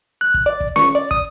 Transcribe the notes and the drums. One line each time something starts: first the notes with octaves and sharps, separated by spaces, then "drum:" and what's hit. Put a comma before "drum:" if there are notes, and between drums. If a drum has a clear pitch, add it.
F#6
drum: kick
D5
drum: kick
C#6, drum: snare C#4
D5
D#6, drum: kick